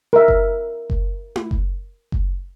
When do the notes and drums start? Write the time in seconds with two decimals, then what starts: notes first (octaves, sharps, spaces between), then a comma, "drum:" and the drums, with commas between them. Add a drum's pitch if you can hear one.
0.13 A#4 E5
0.28 drum: kick F#1
0.90 drum: kick F#1
1.36 drum: tom E4
1.51 drum: kick F#1
2.12 drum: kick F#1